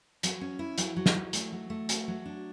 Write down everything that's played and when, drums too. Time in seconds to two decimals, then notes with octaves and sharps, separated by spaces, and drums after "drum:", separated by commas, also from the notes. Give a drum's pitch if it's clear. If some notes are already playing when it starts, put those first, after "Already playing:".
0.23 F#3, drum: hi-hat
0.41 C#4
0.59 E4
0.78 F#3, drum: hi-hat
0.96 F#3
1.06 drum: snare
1.16 F#3
1.33 A3, drum: hi-hat
1.52 F#3
1.70 A3
1.89 F#4, drum: hi-hat
2.08 F#3
2.26 D4